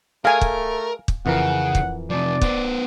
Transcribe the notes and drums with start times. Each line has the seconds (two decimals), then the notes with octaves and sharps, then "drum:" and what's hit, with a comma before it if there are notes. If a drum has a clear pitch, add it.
0.25 A3 G#4 A#4 F5 G#5
0.41 drum: kick
1.08 drum: kick
1.26 F2 C#3 E3 A#4 F#5
1.75 drum: kick
2.10 C3 F3 D5
2.41 B3 C5, drum: kick